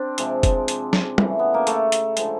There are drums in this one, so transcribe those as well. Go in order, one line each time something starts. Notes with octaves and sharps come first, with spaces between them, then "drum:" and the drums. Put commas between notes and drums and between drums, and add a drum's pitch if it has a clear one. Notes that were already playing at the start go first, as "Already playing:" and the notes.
Already playing: C4 D4
C3 F3 G#3, drum: hi-hat
drum: kick F1, hi-hat
drum: hi-hat
drum: snare
C#3 E3 A3, drum: tom
B3
A#3
A3, drum: hi-hat
drum: hi-hat
D3 F3 G#3, drum: hi-hat